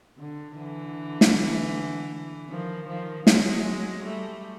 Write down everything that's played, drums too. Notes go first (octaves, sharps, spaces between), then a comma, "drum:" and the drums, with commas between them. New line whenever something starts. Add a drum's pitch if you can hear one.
D3
D3 E3
drum: snare
D#3 F3
D#3 F3
F#3 G#3, drum: snare
G3 A3